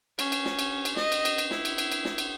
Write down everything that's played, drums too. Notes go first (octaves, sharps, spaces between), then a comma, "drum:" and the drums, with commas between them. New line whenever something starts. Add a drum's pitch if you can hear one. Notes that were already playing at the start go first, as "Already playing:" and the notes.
C#4, drum: cymbal
drum: cymbal
drum: snare
drum: cymbal
drum: cymbal
D#5, drum: snare
drum: cymbal
drum: cymbal
drum: cymbal
E4, drum: snare
drum: cymbal
drum: cymbal
drum: cymbal
drum: snare
drum: cymbal